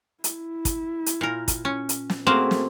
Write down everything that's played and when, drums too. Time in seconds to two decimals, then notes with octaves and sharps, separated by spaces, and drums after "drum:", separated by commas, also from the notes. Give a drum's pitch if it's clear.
0.24 E4, drum: hi-hat
0.65 drum: kick, hi-hat
1.06 drum: hi-hat
1.21 A#2 A#4
1.48 drum: kick, hi-hat
1.65 C#4
1.89 drum: hi-hat
2.10 drum: snare
2.27 A3 A#3 C4 F#4 G#4
2.51 drum: snare